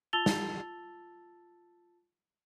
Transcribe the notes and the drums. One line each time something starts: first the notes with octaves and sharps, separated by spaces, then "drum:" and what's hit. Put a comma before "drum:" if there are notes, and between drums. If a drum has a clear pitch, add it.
F4 A5 E6 A6 F7 G7
drum: snare